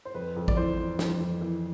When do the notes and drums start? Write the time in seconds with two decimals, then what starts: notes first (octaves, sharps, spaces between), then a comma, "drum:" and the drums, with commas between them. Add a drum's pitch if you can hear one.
0.05 C5
0.14 F2 B4
0.36 F2
0.48 D5, drum: kick
0.56 E3 C5
0.78 E3
0.99 F2, drum: snare
1.20 F2
1.41 E3